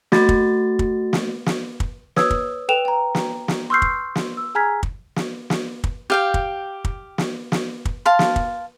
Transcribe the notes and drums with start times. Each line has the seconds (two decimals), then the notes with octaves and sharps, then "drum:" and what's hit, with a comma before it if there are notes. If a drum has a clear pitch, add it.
0.12 A3 F#4 A6, drum: snare
0.29 drum: kick
0.79 drum: kick
1.13 drum: snare
1.46 drum: snare
1.80 drum: kick
2.16 B4 C#5 D#6 E6 G#6, drum: snare
2.30 drum: kick
2.69 A4 B4 G5 E7 F7
2.85 G5 A#5
3.15 drum: snare
3.48 drum: snare
3.70 C6 C#6 E6 F6 G6 C7
3.82 drum: kick
4.15 drum: snare
4.37 E6
4.55 G#4 G#5 A#5 F6 G#6 B6
4.83 drum: kick
5.16 drum: snare
5.50 drum: snare
5.84 drum: kick
6.10 G4 F5 G5
6.34 drum: kick
6.85 drum: kick
7.18 drum: snare
7.52 drum: snare
7.85 drum: kick
8.05 F5 A5 C6
8.19 drum: snare
8.36 drum: kick